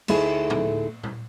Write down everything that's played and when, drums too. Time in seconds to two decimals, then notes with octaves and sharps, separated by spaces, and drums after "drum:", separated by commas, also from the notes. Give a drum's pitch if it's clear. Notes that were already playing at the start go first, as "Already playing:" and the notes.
0.08 D2 A3 D#4 E4 G#4, drum: cymbal
0.50 drum: tom
1.03 drum: tom A#2